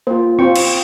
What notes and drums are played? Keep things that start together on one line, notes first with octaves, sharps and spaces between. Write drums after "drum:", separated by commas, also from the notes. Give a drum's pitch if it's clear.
A#3 F4 C5
C4 F4 C5 G5 C#6
drum: cymbal